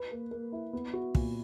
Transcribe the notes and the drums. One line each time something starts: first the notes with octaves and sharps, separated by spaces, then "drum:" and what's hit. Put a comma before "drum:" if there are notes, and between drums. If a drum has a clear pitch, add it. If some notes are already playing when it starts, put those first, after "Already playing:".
Already playing: B4
A#3
A#3
E4
B3
F#4
A#2, drum: kick